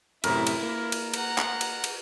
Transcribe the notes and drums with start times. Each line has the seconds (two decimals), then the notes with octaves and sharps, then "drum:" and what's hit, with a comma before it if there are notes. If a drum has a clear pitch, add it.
0.24 F#2 A2 C3 E4 A#4, drum: cymbal
0.47 drum: cymbal
0.63 A#3
0.92 drum: cymbal
1.14 F#5 A#5, drum: cymbal
1.38 drum: clap
1.61 drum: cymbal
1.84 drum: cymbal